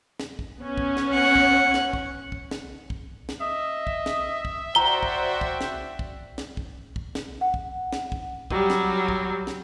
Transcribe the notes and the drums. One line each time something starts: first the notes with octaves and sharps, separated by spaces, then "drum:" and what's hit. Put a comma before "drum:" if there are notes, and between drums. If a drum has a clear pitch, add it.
drum: snare
drum: kick
B3 C#4
drum: kick
drum: snare
F#5
drum: kick
drum: snare
drum: kick
drum: kick
drum: snare
drum: kick
drum: snare
D#5 E5
drum: kick
drum: snare
drum: kick
F#4 C5 D5 G5 A#5 G7
drum: kick
drum: kick
drum: snare
drum: kick
drum: snare
drum: kick
drum: kick
drum: snare
F#5
drum: kick
drum: snare
drum: kick
F#3 G3, drum: kick
drum: snare
drum: kick
drum: snare